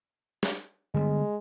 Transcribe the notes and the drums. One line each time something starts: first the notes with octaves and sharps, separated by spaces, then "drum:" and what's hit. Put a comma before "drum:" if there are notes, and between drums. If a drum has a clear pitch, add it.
drum: snare
D3 G3 G#3 B3